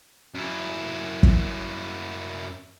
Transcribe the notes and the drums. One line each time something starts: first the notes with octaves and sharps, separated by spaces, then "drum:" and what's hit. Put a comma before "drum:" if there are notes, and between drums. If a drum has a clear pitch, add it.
F#2 E4
drum: kick